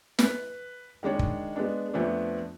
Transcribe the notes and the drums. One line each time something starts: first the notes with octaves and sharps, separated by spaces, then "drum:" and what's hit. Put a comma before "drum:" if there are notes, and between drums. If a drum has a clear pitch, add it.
B4, drum: snare
D#3 G#3 D4 C#5
drum: kick
G#3 B3 D4
F2 F3 A3 B3 D4